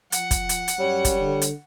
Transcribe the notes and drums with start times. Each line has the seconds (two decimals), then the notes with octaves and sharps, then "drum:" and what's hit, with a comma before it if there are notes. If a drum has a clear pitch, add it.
0.12 F3 F#5, drum: hi-hat
0.31 drum: kick, hi-hat
0.49 drum: hi-hat
0.68 drum: hi-hat
0.79 F#2 G3 C#5
1.05 drum: kick, hi-hat
1.20 D3
1.42 drum: hi-hat